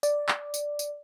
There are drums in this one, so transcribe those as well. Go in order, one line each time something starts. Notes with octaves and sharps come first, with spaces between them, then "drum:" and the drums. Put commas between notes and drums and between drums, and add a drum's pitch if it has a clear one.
D5, drum: tambourine
drum: clap
drum: tambourine
drum: tambourine